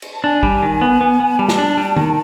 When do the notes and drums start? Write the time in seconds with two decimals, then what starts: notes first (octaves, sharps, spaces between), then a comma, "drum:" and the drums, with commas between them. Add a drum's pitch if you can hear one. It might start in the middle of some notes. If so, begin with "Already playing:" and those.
0.02 drum: cymbal
0.14 A5
0.24 D4 G#5
0.43 G3, drum: kick
0.62 D#3
0.81 B3
1.01 B3
1.20 B3
1.39 G3 A5
1.48 drum: snare
1.58 D4
1.77 G3
1.96 D#3, drum: tom D#3